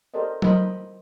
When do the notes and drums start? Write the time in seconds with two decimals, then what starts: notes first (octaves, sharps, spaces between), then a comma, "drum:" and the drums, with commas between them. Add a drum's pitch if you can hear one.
0.14 G4 A4 A#4 C5 D5 D#5
0.42 A#4 C5 D#5 B5, drum: tom F#3